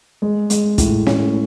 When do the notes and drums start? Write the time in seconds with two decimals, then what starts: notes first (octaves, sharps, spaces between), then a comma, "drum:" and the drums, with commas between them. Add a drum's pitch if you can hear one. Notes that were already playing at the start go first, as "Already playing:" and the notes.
0.22 G#3
0.50 G#3, drum: hi-hat
0.78 A2, drum: kick, hi-hat
1.06 C#4, drum: snare